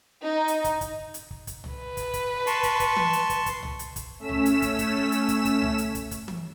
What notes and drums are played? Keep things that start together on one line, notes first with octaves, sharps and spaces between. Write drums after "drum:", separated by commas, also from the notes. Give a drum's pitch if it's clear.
D#4
drum: hi-hat
drum: kick, hi-hat
drum: kick, hi-hat
drum: hi-hat
drum: kick
drum: kick, hi-hat
drum: tom C2
B4
drum: kick, hi-hat
drum: kick, hi-hat
A5 C6 C#6, drum: hi-hat
drum: kick, hi-hat
drum: kick, hi-hat
drum: tom E3
drum: hi-hat
drum: kick, hi-hat
drum: kick, hi-hat
drum: tom C2
drum: hi-hat
drum: kick, hi-hat
A3 C#4 E6 B6 E7
drum: tom C2
drum: hi-hat
drum: kick, hi-hat
drum: kick, hi-hat
drum: hi-hat
drum: kick, hi-hat
drum: kick, hi-hat
drum: tom C2
drum: hi-hat
drum: kick, hi-hat
drum: kick, hi-hat
drum: tom E3